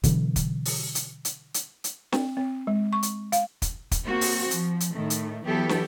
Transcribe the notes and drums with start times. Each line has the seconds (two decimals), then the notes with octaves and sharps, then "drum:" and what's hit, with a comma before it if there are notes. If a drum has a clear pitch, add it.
0.04 B2 D3 E3 F#3, drum: kick, hi-hat
0.36 drum: kick, hi-hat
0.65 drum: open hi-hat
0.95 drum: hi-hat
1.25 drum: hi-hat
1.54 drum: hi-hat
1.84 drum: hi-hat
2.13 C4, drum: snare
2.37 C4
2.67 G#3
2.93 C#6
3.03 drum: hi-hat
3.32 F5, drum: hi-hat
3.62 drum: kick, hi-hat
3.91 drum: kick, hi-hat
4.07 A#3 C4 F#4
4.21 drum: open hi-hat
4.51 F3, drum: hi-hat
4.80 drum: hi-hat
4.92 A2 D#3 A3
5.10 drum: hi-hat
5.46 E3 F#3 B3 E4 G4 A4
5.69 drum: snare